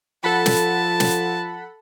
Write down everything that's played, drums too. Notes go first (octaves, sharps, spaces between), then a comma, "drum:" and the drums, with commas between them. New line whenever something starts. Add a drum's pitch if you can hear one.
F3 A4 F#5 A5 B5
drum: snare
drum: snare